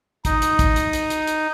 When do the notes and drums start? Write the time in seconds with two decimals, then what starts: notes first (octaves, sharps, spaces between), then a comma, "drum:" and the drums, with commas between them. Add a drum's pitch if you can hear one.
0.25 D#4, drum: kick, hi-hat
0.42 drum: hi-hat
0.59 drum: kick, hi-hat
0.76 drum: hi-hat
0.93 drum: hi-hat
1.10 drum: hi-hat
1.27 drum: hi-hat